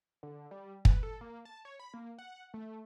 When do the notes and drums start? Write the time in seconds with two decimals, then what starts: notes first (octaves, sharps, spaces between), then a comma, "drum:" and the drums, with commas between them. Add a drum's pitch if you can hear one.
0.23 D3
0.51 G3
0.85 B4, drum: kick
1.03 A4
1.21 A#3
1.45 A5
1.65 C#5
1.80 B5
1.94 A#3
2.19 F#5
2.54 A3